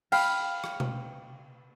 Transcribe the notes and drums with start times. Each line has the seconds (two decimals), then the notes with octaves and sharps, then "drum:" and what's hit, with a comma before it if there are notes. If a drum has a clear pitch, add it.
0.12 F5 G5 B5, drum: cymbal
0.64 drum: rim click
0.80 drum: tom B2